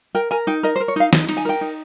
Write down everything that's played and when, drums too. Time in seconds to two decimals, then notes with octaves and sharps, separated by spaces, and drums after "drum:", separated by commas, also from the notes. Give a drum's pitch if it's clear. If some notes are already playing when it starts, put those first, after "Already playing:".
0.15 A#4 G5
0.31 A#4 G#5
0.47 D#4 G5
0.63 A#4 D#5
0.76 C5
0.80 A#4
0.88 C#5
0.96 D#4 F5
1.13 D#4, drum: snare
1.29 D#4, drum: cymbal
1.37 G#5
1.45 A#4 G5
1.61 D#4